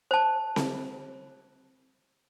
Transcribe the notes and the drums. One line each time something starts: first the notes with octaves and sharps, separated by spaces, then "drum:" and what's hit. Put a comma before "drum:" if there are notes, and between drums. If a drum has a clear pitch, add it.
C5 A5
drum: snare C4